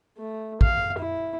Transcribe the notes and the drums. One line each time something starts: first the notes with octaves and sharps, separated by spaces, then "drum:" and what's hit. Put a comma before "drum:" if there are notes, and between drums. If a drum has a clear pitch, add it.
A3
F5, drum: kick
E4